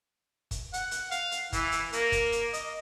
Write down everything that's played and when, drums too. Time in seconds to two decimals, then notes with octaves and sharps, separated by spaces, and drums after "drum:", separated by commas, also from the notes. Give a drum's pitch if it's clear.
0.51 drum: kick, hi-hat
0.73 F#5, drum: hi-hat
0.91 drum: hi-hat
1.11 F5, drum: hi-hat
1.31 drum: hi-hat
1.53 E3, drum: kick, hi-hat
1.72 drum: hi-hat
1.93 A#3, drum: hi-hat
2.12 drum: kick, hi-hat
2.32 drum: hi-hat
2.53 D#5, drum: hi-hat